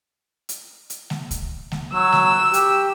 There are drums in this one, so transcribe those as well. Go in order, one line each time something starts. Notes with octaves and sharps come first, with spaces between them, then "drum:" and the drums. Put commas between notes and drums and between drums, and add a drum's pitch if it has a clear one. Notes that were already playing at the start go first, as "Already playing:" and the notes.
drum: hi-hat
drum: hi-hat
drum: snare G#3
drum: kick C#2, hi-hat
drum: snare G#3
F#3 E6
drum: snare G#3
G4, drum: hi-hat